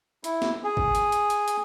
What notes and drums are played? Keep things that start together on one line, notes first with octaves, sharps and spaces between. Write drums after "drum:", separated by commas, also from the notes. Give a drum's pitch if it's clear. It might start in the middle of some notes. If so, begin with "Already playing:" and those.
E4, drum: hi-hat
drum: snare
G#4
drum: kick G#1
drum: hi-hat
drum: hi-hat
drum: hi-hat
drum: hi-hat